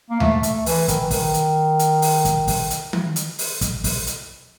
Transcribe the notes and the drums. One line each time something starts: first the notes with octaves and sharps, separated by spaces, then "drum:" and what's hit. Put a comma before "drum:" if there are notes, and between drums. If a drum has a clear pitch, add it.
A#3
A3, drum: tom D2
A3, drum: hi-hat
E3, drum: open hi-hat
D#3, drum: kick, hi-hat
E3
D#3, drum: kick, open hi-hat
drum: hi-hat
drum: hi-hat
drum: open hi-hat
drum: kick, hi-hat
drum: kick, open hi-hat
drum: hi-hat
drum: tom D#3
drum: hi-hat
drum: open hi-hat
drum: kick, hi-hat
drum: kick, open hi-hat
drum: hi-hat